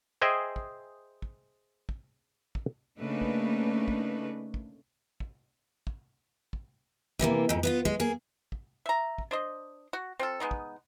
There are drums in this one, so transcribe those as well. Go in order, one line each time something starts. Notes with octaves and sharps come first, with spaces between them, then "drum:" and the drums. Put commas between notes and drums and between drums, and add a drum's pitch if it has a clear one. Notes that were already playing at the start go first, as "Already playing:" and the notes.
G#4 C5 D#5 E5 G5 G#5
drum: kick
drum: kick
drum: kick
drum: kick
C#3 A3 A#3 D4 D#4 B4
drum: kick
drum: kick
drum: kick
drum: kick
drum: kick
drum: kick
C3 E3 G#3 A#3, drum: kick
F2 G#2
B3 E4 F4
G#3, drum: kick
A#3 G#4
drum: kick
E5 A#5
drum: kick
D4 C5 D#5
F#4
C4 F4 A4
G#3 B3 C4 D#4
drum: kick